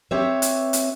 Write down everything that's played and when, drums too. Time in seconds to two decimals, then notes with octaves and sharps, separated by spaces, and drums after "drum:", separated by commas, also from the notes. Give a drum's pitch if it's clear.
0.11 C4 G4 B4 C#5 E5
0.42 drum: hi-hat
0.73 drum: hi-hat